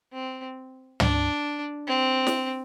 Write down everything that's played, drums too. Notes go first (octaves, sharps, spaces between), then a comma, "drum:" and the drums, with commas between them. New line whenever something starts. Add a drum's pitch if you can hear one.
C4
D4, drum: tom
C4
drum: snare